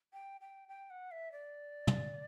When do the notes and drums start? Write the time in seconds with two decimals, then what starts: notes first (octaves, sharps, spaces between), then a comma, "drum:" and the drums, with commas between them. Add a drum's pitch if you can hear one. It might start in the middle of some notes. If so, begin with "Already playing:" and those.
0.13 G5
0.41 G5
0.69 G5
0.90 F#5
1.11 E5
1.32 D5
1.87 drum: tom